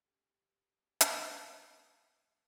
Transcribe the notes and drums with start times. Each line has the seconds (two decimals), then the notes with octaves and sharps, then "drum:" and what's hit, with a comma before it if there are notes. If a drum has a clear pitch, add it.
0.04 C#4 G4 A4 C5
1.01 drum: hi-hat